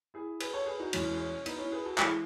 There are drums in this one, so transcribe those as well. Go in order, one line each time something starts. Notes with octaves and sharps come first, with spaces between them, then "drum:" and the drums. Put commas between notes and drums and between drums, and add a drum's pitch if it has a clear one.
E4 G#4
G#4 B4, drum: cymbal
A4 C#5
G#4 B4
D#4 F#4
E2 B2 G#3 C#4 E4, drum: cymbal
C#4
B3 D#4, drum: cymbal
C#4 E4
G#4 B4
F#4 A4
E3 G#3 E4 G#4, drum: clap